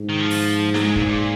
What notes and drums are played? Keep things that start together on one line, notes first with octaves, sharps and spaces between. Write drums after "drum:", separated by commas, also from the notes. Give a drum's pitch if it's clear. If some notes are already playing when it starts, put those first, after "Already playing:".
Already playing: G#2
D#3
F3
drum: open hi-hat
F#3, drum: snare
G#3
A#2, drum: kick
A#2